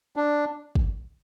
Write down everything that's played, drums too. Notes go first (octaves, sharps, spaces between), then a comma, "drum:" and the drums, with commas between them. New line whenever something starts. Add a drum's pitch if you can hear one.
D4
drum: kick